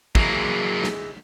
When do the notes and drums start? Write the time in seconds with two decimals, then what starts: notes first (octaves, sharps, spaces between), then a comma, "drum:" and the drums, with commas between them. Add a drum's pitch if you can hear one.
0.15 E3 F#3 G#3 A#3, drum: kick
0.84 drum: snare